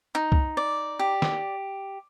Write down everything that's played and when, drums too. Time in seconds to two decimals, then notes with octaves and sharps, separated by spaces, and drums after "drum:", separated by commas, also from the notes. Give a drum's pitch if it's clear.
0.15 D#4
0.32 drum: kick C2
0.57 D5
0.99 G4
1.22 drum: snare